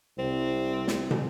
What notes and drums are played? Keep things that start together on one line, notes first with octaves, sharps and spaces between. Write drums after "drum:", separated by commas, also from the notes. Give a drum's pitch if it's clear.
C2 C4
drum: snare
drum: tom